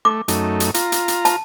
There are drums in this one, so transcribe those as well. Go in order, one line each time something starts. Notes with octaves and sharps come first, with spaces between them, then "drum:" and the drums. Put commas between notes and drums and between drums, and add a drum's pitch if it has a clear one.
A3 D6
F#2 A3 D#4, drum: hi-hat
drum: hi-hat
F4 A#5, drum: hi-hat
drum: hi-hat
drum: hi-hat
A5, drum: hi-hat